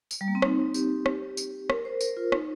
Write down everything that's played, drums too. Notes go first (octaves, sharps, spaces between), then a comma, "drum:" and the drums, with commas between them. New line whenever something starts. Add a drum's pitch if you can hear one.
drum: tambourine
G3
A#3
C4
D#4, drum: rim click
G4, drum: tambourine
drum: rim click
drum: tambourine
A#4, drum: rim click
C5
A#4, drum: tambourine
F4
D#4, drum: rim click